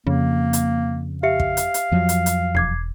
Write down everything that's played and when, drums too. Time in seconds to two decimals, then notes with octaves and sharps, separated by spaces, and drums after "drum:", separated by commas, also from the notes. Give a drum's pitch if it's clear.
0.07 F2 C#3 A#3
0.53 drum: hi-hat
1.23 G4 E5 F5 C#7
1.40 drum: kick
1.57 drum: hi-hat
1.74 drum: hi-hat
1.91 F2 F3 F#3
2.09 drum: hi-hat
2.26 drum: hi-hat
2.55 E1 D6 G#6 C7